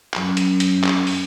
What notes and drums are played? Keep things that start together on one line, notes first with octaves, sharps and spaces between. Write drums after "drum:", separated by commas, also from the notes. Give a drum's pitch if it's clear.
F#2, drum: clap
drum: hi-hat
drum: hi-hat
drum: clap
drum: open hi-hat